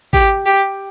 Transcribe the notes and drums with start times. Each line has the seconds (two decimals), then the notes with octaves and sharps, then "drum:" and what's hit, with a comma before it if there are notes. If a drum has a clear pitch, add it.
0.13 G4, drum: kick
0.46 G4